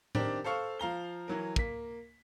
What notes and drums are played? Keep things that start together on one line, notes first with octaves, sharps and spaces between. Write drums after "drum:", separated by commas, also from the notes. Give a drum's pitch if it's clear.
D#3 C4 D4 G4 A#4, drum: tom A2
A4 C5 F5 C#6 E6
F3 F5 A#5 G7
E3 F#3 A#4
A#3 B6, drum: kick